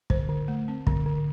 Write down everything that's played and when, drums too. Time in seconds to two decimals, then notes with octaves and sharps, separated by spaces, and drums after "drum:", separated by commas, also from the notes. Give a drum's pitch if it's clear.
0.10 D3 C5, drum: kick
0.29 D3
0.48 A3
0.68 C4
0.87 D3, drum: kick
1.06 D3